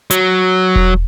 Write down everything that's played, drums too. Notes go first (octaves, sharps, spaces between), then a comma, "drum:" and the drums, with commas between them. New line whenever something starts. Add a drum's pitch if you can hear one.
F#3, drum: hi-hat
drum: kick E1